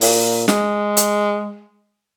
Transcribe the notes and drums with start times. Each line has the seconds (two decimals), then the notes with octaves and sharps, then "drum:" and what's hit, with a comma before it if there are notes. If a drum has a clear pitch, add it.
0.01 A#2, drum: open hi-hat
0.48 G#3, drum: snare
0.97 drum: hi-hat